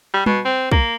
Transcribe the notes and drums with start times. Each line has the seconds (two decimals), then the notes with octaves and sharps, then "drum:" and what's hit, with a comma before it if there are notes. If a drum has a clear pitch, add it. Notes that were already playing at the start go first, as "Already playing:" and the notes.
0.14 G3
0.26 B2, drum: tom G3
0.45 C4
0.72 A#3, drum: kick